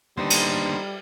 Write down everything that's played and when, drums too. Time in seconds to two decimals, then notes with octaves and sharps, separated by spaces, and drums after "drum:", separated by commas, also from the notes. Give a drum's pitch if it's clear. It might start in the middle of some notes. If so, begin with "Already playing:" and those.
0.18 D#2 D3 G3 B3 D#4 C5
0.30 drum: cymbal